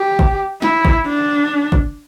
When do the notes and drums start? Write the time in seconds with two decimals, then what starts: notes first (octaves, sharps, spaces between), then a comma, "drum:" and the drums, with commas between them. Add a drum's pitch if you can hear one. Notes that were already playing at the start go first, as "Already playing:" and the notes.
Already playing: G4
0.19 drum: kick G1
0.62 E4, drum: snare
0.85 drum: kick G1
1.07 D4
1.72 drum: kick G1